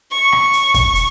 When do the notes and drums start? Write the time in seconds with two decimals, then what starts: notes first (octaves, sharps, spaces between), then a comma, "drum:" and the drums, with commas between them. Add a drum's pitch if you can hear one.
0.11 C#6
0.32 drum: rim click
0.53 drum: hi-hat
0.74 drum: kick, hi-hat
0.95 drum: hi-hat